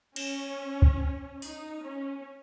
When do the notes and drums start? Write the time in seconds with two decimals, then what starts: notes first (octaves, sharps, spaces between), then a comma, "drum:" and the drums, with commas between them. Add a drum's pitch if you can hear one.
0.16 C#4, drum: cymbal
0.82 drum: kick
1.42 D#4, drum: open hi-hat
1.83 C#4